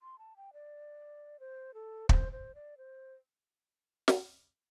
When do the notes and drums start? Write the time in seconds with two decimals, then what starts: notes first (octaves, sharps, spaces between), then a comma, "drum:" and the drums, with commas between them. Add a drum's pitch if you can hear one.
0.02 C6
0.18 A5
0.36 G5
0.53 D5
1.40 C5
1.74 A4
2.09 C5, drum: kick
2.32 C5
2.55 D5
2.78 C5
4.08 drum: snare